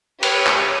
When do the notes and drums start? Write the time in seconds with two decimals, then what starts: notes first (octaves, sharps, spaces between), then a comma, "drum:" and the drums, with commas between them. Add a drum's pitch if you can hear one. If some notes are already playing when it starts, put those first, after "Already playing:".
0.23 G4 B4 C#5, drum: cymbal
0.46 drum: clap